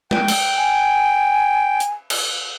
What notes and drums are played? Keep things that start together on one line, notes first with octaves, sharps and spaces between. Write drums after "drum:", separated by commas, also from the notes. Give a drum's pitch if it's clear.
G5, drum: tom G#3
drum: cymbal
G#5
drum: hi-hat
drum: cymbal